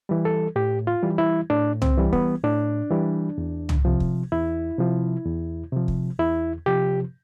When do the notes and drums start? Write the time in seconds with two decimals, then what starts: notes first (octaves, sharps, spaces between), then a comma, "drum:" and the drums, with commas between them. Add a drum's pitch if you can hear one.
0.09 E3 G3
0.25 A4
0.56 A2 G4
0.87 F4
1.03 E3 G3
1.18 E4
1.50 A2 D4
1.82 C4, drum: tom
1.97 E3 G3
2.13 B3, drum: kick
2.43 A2 D4
2.91 E3 G3
3.38 E2
3.69 drum: tom
3.85 C3 F3
4.00 drum: kick
4.32 E2 E4
4.78 C3 F3
5.25 E2
5.72 C3 F3
5.88 drum: kick
6.19 E2 E4
6.66 C3 F3 G4